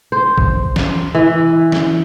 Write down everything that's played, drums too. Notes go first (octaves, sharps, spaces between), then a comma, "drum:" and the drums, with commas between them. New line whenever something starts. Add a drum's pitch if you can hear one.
C5
drum: kick
drum: snare
E3
drum: snare